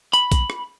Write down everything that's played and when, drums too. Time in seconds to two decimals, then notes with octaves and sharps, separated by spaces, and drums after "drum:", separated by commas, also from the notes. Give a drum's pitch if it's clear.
0.13 B5, drum: hi-hat
0.32 drum: kick A#1, hi-hat
0.50 drum: rim click